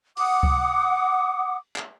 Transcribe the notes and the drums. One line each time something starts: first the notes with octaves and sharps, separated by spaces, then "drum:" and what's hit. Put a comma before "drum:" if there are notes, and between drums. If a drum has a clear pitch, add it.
F#5 D6 D#6, drum: open hi-hat
drum: kick C#2
drum: clap